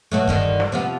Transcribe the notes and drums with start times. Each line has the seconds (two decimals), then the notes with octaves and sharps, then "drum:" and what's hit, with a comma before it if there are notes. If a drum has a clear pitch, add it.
0.12 B2 F#3 A3
0.27 G2 D3 D#3, drum: kick
0.60 drum: snare
0.72 C3 F3 B3